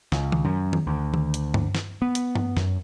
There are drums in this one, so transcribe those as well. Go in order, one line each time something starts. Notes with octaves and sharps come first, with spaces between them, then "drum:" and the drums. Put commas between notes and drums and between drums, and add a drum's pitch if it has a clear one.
C#2, drum: snare
drum: tom D#3
F#2
drum: tom D#3
D2
drum: tom D#3
drum: hi-hat
drum: tom G2
drum: snare
B3
drum: hi-hat
drum: tom G2
F#2, drum: snare